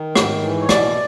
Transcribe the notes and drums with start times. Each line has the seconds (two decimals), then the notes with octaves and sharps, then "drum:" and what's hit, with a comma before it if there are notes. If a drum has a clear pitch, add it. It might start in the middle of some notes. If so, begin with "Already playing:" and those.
Already playing: D#3
0.16 G#2, drum: rim click
0.42 E3
0.61 C#5
0.69 B2 D5, drum: rim click